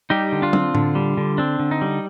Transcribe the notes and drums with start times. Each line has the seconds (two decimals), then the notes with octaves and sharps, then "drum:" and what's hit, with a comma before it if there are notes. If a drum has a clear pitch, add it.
0.10 G3 D#4 G4
0.32 D3
0.42 D4 F4
0.53 C4, drum: tom
0.75 D3, drum: tom A2
0.95 G3
1.17 D3
1.38 C4 D4
1.59 D3
1.71 D#4
1.81 G3